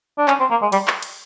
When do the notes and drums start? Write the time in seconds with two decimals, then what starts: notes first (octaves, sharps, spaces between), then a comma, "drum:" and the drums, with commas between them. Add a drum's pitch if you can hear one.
0.18 D4
0.28 C#4, drum: clap
0.40 C4
0.51 A#3
0.62 G#3
0.72 G3, drum: cymbal
0.88 drum: clap
1.03 drum: cymbal